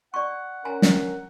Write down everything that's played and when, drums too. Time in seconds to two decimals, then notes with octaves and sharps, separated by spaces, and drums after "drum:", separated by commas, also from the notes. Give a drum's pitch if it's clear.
0.14 D5 F#5 C#6
0.65 C#4 A#4 G#5 A#5
0.82 drum: snare